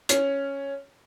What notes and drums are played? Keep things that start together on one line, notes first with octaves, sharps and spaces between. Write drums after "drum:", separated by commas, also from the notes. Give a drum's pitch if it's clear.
C#4, drum: hi-hat